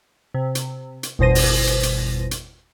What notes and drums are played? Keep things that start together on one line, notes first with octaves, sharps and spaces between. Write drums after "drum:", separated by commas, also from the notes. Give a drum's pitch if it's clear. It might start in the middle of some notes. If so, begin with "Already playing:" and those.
C3
drum: hi-hat
drum: hi-hat
G1 E2 B2 C5 A#6 D#7
drum: open hi-hat
drum: hi-hat
drum: hi-hat
drum: hi-hat